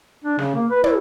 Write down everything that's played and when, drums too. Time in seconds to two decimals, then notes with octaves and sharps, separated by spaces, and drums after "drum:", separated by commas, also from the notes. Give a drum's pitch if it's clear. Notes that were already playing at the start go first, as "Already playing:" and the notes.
0.24 D4
0.39 C#3, drum: snare
0.54 A#3
0.70 B4
0.84 E4, drum: tom